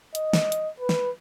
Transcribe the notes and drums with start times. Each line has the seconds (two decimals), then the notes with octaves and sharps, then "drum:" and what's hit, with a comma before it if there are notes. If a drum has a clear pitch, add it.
0.15 D#5, drum: hi-hat
0.33 drum: snare
0.52 drum: hi-hat
0.80 B4
0.89 drum: snare